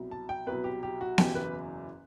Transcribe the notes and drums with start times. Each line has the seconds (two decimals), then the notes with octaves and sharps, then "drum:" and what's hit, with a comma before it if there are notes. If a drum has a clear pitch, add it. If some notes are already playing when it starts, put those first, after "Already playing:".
Already playing: C2 B2 F#3
0.11 A5
0.29 G5
0.46 C2 B2 F#3 B4
0.64 G4
0.83 G4
1.01 F#4
1.18 F#1 E2 B2 F#3 G4, drum: snare B3
1.35 B4